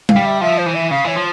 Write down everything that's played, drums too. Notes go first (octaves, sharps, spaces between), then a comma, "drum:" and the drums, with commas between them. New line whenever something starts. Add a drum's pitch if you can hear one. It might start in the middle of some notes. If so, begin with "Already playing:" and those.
F5, drum: tom G3
G3
E5
F3 E5
C5
E3
E5
C#3 F5
E3 C#5
F3